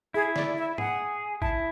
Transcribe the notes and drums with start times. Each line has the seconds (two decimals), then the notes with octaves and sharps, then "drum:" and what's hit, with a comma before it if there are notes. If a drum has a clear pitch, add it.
0.14 E4 G#4
0.36 D5, drum: snare
0.58 E5
0.78 G#4 F#5, drum: tom
1.42 E4 A5, drum: kick